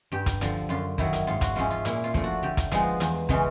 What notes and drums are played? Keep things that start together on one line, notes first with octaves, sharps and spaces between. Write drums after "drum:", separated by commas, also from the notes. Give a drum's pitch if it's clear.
G2 G4
drum: kick, hi-hat
D3 F3, drum: hi-hat
F#2 F4
D#3 F#3 E4, drum: kick
drum: hi-hat
G#2 F4
F#4, drum: kick, hi-hat
F3 G#3 C#4 E4 F4
F4
A#2 E4, drum: hi-hat
F4
F3 A3 D4, drum: kick
F#4
D3 G4
drum: kick, hi-hat
F3 G#3 B3 D#4, drum: hi-hat
E2, drum: hi-hat
C#3 E3 G#3 C#4, drum: kick